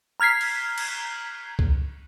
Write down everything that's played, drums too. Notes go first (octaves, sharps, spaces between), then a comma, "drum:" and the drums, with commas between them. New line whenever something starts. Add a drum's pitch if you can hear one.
A#5 F6 G#6 B6 C7
drum: cymbal
drum: cymbal
drum: kick C#2